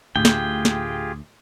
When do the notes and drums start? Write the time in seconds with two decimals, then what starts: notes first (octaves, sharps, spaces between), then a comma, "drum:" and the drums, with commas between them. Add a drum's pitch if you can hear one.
0.16 D2 A2 F4 G4 G#4 G5
0.25 drum: snare
0.65 drum: snare